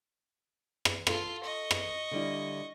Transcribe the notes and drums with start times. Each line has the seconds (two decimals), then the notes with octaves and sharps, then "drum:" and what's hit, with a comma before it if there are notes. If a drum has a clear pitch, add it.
0.85 drum: rim click
1.07 F4 A4 A5, drum: rim click
1.43 D#5 C#6
1.71 drum: rim click
2.11 D3 G3 E4